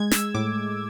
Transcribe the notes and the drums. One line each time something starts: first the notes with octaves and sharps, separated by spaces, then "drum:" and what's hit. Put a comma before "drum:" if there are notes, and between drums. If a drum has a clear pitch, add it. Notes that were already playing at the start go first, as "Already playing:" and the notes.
Already playing: G#3 G#6
E6, drum: snare
A2 D6